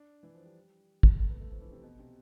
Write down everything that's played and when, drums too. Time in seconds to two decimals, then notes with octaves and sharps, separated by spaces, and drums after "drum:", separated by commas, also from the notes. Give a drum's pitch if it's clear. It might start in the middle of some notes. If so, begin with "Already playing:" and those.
Already playing: D4
0.23 E3
0.34 F3
0.45 G3
1.03 drum: kick
1.20 A3
1.29 B3
1.40 A3
1.51 F3
1.61 E3
1.72 C3
1.83 B2
1.99 C3